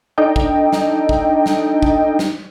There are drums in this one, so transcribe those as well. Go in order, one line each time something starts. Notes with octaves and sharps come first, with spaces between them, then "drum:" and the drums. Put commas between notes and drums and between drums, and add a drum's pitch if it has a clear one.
D4 D#4 A4 D#5 G5
drum: kick
drum: snare
drum: kick
drum: snare
drum: kick
drum: snare